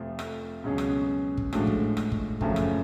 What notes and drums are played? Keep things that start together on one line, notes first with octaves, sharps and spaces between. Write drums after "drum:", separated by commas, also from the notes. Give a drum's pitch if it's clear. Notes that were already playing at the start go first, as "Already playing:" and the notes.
Already playing: F1 F2 F3 A3
drum: rim click
C#2 B2 F#3 C#4 G#4
drum: rim click
drum: kick
A2 F3 G#3 D4 F#4, drum: rim click
drum: kick
drum: rim click
drum: kick
F#2 C#3 F3 A3, drum: kick
drum: rim click